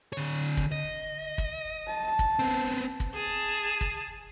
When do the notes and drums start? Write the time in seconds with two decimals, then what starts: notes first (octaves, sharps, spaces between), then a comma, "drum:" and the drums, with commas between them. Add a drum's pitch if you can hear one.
0.13 D3 C#5
0.57 drum: kick
0.72 D#5
1.38 drum: kick
1.87 A5
2.19 drum: kick
2.39 B3 C4
3.00 drum: kick
3.15 G#4 A5
3.81 drum: kick